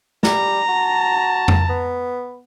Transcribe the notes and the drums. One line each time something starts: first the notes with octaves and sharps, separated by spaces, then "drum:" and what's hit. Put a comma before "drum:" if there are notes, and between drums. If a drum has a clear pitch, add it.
G3 A#5, drum: snare
F#4 A5
drum: tom F2
B3